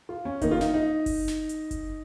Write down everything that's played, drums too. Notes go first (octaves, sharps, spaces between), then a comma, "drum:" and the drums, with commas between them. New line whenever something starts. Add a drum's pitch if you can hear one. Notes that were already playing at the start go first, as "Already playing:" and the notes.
F4
C#4
D#3 A#3 D#4, drum: kick F#1, hi-hat
F4
D#4, drum: snare
D#4
drum: kick F#1, open hi-hat
drum: snare
drum: hi-hat
drum: kick F#1, hi-hat